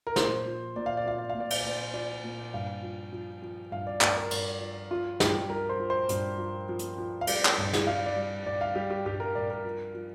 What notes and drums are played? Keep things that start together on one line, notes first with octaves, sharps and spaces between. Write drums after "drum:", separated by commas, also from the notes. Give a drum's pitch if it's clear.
A#4
A#2 C5, drum: snare
F3
A#2 D5
F5
D5
F3 F5
D5
F5
A#2
D5
F5, drum: cymbal
A#2 D5
F3 D5
A#2
G2 F5
F3
F3
F3
G2 F5
D5
G2 D5, drum: clap
A#4
G2, drum: cymbal
F3
F3 F4
G2 G4, drum: snare
F3 A#4
C5
F3
C5
G2, drum: hi-hat
F3
F3
drum: hi-hat
F3
F5
G3 D5, drum: cymbal
drum: clap
G2
drum: snare
G3 F5
D5
G3
G2 D5
F5
G3 G4
G4
G2 G4
A#4
G2 D5
A#4
F3
F3